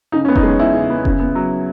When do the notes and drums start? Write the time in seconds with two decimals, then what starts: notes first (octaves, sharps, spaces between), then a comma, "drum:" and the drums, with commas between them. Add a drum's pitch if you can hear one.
0.12 C#3 D#4
0.25 C#4
0.28 B3
0.36 D#4, drum: kick F1
0.43 G#3 C#4
0.59 E2 E4
0.74 C#3
0.90 B3
1.05 C#3, drum: kick F1
1.19 B3
1.35 F#3